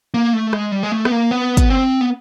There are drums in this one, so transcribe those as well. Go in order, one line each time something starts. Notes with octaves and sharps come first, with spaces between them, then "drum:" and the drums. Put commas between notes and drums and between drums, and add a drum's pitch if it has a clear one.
A#3
A3
G#3, drum: rim click
G3
G#3
A3
B3, drum: rim click
A#3
B3
drum: kick, hi-hat
C4
B3